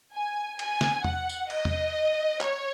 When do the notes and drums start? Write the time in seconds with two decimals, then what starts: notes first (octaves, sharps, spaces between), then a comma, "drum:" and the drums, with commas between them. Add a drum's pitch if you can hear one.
0.14 G#5
0.59 G#5, drum: cymbal
0.81 drum: snare
1.04 F#5, drum: tom E2
1.29 drum: tambourine
1.50 D#5, drum: cymbal
1.65 drum: tom E2
2.41 C#5, drum: clap